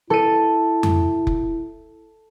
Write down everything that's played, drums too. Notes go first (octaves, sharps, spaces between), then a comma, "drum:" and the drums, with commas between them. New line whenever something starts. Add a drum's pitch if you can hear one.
E4 A4 D#7
drum: tom F2
drum: kick F1